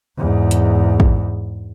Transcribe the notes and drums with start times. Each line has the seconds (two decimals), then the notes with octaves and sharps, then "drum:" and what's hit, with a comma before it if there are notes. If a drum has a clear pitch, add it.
0.17 E2 G#2
0.51 drum: hi-hat
1.00 drum: kick